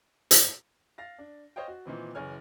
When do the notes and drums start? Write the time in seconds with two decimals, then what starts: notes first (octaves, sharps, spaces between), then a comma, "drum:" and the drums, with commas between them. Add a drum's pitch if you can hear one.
0.31 drum: hi-hat
0.98 F5 A6 A#6
1.19 D4
1.56 C5 C#5 D#5 F5 G5
1.68 F#4
1.85 A#2 D#3 E3 C4
2.15 F#1 E3 C#5 G#5 F6